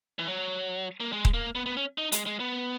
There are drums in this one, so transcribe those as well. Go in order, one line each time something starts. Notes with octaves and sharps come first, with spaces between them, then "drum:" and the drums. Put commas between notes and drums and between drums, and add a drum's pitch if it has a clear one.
E3
F#3
A#3
G#3
drum: kick D#1
A#3
B3
B3
C#4
D#4
G#3, drum: hi-hat
G#3
B3